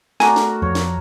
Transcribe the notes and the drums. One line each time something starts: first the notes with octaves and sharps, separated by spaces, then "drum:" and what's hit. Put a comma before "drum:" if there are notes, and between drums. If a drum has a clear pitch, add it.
A3 D4 F#4 A#4 G#5, drum: snare
drum: snare
F2 C#5
drum: snare